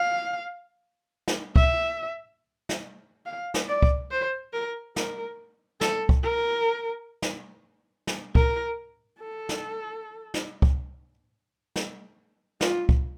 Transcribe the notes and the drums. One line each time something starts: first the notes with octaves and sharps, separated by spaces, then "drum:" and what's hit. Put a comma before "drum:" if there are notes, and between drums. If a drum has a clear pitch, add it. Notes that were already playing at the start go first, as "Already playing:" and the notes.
Already playing: F5
drum: snare
E5, drum: kick C#2
drum: snare
F5
drum: snare
D5
drum: kick C#2
C5
A#4
A#4, drum: snare
A4, drum: snare
drum: kick C#2
A#4
drum: snare
drum: snare
A#4, drum: kick C#2
A4
drum: snare
drum: snare
drum: kick C#2
drum: snare
F4, drum: snare
drum: kick C#2